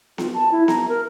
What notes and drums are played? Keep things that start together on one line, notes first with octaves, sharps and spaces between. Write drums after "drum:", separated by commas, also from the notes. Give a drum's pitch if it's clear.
F4, drum: snare B3
A5
E4
A#5, drum: snare B3
A#4